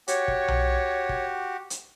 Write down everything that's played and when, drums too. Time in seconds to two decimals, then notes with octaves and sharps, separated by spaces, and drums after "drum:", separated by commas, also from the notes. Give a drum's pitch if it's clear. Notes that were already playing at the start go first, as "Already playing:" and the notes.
0.08 F#4 G4 C#5, drum: hi-hat
0.28 drum: kick
0.48 drum: tom B1
1.09 drum: kick
1.70 drum: hi-hat